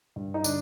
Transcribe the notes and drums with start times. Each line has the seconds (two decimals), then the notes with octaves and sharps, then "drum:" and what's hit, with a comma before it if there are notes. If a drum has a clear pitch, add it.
0.16 G2
0.34 D#4
0.44 D3 D4, drum: tambourine